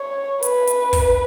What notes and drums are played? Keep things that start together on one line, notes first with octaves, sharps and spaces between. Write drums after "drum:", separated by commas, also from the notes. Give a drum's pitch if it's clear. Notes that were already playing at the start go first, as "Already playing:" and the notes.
Already playing: C#5
B4, drum: hi-hat
drum: hi-hat
drum: kick, open hi-hat